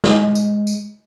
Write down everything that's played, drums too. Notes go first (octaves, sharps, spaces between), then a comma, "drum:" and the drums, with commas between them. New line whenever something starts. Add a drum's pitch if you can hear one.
G#3, drum: snare
drum: tambourine
drum: tambourine